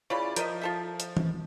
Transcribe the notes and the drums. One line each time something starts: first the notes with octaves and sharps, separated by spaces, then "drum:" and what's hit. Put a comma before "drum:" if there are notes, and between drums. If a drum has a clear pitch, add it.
C#3 C#4 E4 F4 D5 B5
F3 A#4 D#5 E5 G6, drum: hi-hat
F4 A4 E5
drum: hi-hat
drum: tom E3